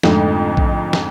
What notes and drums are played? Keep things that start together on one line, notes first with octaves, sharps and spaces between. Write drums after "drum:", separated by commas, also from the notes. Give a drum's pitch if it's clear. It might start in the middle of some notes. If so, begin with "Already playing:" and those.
F2 G#2 D3 A3 D#4, drum: snare
drum: kick A#1
drum: snare